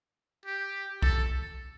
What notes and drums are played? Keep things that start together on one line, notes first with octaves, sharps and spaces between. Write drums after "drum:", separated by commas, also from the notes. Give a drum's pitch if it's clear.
G4
A4, drum: kick B1